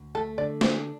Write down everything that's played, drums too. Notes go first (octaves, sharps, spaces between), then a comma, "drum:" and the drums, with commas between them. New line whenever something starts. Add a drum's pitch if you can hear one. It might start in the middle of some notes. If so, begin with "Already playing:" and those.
Already playing: D2
A3 A4
D3 D5
D4 C5, drum: snare